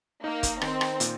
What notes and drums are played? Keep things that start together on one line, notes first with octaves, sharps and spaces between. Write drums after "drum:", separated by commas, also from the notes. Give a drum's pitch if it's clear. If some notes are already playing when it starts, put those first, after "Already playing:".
A#3 D#4
drum: kick, hi-hat
D#3 C4, drum: rim click
drum: rim click
A#2, drum: hi-hat